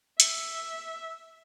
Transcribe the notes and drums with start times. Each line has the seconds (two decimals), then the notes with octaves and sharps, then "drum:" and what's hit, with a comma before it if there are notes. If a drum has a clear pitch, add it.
0.20 E5, drum: hi-hat